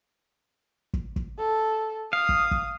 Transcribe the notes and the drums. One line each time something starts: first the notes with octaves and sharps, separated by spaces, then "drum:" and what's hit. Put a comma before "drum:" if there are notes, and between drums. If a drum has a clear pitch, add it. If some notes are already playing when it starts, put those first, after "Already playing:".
drum: kick
drum: kick
A4
F5 D#6
drum: kick
drum: kick